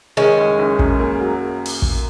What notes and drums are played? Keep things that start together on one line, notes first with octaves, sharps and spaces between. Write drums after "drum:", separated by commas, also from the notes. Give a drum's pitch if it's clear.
D#3 G#3 C#4
F#1
F#1
F#2, drum: kick
A#3
F#3
drum: open hi-hat
drum: kick